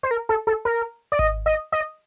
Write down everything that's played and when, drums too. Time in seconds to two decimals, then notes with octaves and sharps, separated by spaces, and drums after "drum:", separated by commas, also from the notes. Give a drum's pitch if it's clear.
0.03 C5
0.11 A#4
0.29 A4
0.47 A4
0.65 A#4
1.12 D5
1.19 D#5, drum: kick G#1
1.46 D#5
1.72 D#5